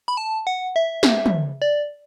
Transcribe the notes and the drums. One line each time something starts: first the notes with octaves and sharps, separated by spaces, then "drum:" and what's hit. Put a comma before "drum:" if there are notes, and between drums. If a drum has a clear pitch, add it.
B5
A5
F#5
E5
drum: snare
drum: tom
D5